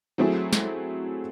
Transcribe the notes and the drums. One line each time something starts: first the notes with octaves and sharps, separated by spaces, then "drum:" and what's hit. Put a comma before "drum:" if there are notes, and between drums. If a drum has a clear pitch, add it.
F#3 A3 C4 E4 G#4
drum: snare